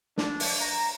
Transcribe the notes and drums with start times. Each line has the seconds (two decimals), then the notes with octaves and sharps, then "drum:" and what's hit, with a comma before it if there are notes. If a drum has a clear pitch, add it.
0.18 D4, drum: snare
0.40 drum: open hi-hat
0.59 A#5